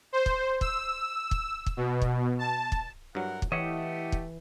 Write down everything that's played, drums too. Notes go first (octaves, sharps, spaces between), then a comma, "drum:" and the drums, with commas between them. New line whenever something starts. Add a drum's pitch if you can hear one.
C5
drum: kick
E6, drum: kick
drum: kick
drum: kick
B2
drum: kick
A5
drum: kick
G2 F#3 E4 A#4 F#5
drum: kick
E3 A3 G4 C#5 D#5 E5 F#5
drum: kick